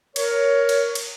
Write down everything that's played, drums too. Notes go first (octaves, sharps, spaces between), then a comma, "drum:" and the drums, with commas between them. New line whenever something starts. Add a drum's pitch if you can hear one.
A#4 C#5, drum: cymbal
drum: cymbal
drum: cymbal